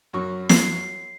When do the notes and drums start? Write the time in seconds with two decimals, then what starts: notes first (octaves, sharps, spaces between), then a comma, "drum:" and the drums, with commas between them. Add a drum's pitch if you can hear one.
0.13 F#2 F#3 C#6
0.49 C7, drum: snare